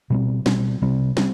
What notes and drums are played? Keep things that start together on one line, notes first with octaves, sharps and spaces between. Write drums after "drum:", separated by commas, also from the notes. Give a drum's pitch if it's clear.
B2 G3 C4
B2 G3 C4, drum: snare
C3 G3 C4
G3 C4, drum: snare